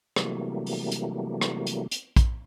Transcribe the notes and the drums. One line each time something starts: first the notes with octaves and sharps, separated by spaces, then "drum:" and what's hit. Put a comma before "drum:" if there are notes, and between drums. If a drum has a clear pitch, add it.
C3 E3 F#3 G3 A3 A#3, drum: rim click
drum: open hi-hat
drum: hi-hat
drum: rim click
drum: hi-hat
drum: hi-hat
drum: kick, hi-hat